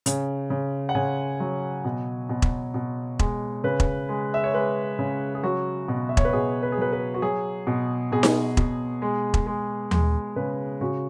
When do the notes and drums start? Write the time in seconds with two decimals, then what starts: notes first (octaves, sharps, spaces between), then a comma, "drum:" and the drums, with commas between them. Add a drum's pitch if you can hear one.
0.06 C#3, drum: hi-hat
0.50 C#3
0.89 F#5
0.95 C#3 G#5
1.40 F#3
1.85 B2
2.29 B2
2.42 drum: kick E1
2.74 B2
3.19 G#3, drum: kick E1
3.64 C#3 B4
3.80 drum: kick E1
4.09 G#3
4.34 E5
4.44 C#5
4.54 G#3 B4
4.99 C#3
5.35 G#4
5.43 F#3 F#4
5.88 B2
6.09 E5
6.17 C#5, drum: kick E1
6.25 B4
6.33 B2 G#4
6.63 B4
6.72 G#4
6.78 F#3 B4
6.93 B4
7.14 F#4
7.22 F#3 G#4
7.67 B2
8.12 B2 G#4
8.23 drum: snare D#4
8.57 B2, drum: kick E1
9.02 G#3
9.34 drum: kick E1
9.46 G#3
9.91 G#3, drum: tom D#2
10.36 C#3 B4
10.81 C#3 F#4